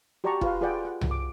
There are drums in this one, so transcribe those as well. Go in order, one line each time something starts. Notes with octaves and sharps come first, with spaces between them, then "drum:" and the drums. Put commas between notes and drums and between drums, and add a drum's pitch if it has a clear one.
F#4 G4 D5 A5 A#5 C#6
F4 B4 F5, drum: kick F1
F4 G#4 B4 D5 F#5 G5
F#5
drum: tom C2
D6